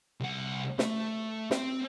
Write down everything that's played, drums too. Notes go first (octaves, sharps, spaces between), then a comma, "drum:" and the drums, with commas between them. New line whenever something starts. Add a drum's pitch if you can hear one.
C2 F#5
A3, drum: snare
C4, drum: snare